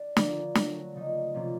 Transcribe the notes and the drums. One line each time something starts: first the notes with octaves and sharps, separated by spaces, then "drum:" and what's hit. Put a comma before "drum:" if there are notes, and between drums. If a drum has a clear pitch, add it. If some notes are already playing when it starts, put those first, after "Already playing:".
Already playing: D4
D3 F3 A#3, drum: snare
F#3 A3 C#4 F#4, drum: snare
C#3 F3 A#3 D#4
C3 F3 A#3 C#4 F4